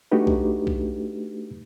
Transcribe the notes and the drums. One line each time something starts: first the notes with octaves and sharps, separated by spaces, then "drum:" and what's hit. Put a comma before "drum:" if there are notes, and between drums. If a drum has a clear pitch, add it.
A3 D4 D#4 F#4 G4 B4
drum: kick B1
drum: kick B1